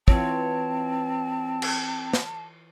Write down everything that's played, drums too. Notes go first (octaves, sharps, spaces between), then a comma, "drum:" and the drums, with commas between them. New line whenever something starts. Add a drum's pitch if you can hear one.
E3 C4 F4 C#5 A5, drum: kick
drum: cymbal
drum: snare